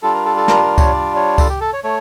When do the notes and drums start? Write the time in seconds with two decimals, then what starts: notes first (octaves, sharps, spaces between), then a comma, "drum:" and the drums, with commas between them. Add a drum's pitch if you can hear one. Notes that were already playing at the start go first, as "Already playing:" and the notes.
0.03 G3 D4 F4 A4
0.14 A#4
0.25 A4
0.37 A4
0.48 A#4, drum: snare
0.63 A#4
0.78 C#5, drum: kick C#2, tambourine
0.93 D5
1.16 C#5
1.38 A4, drum: kick C#2, tambourine
1.49 G4
1.61 A4
1.73 C#5
1.84 A3 C#5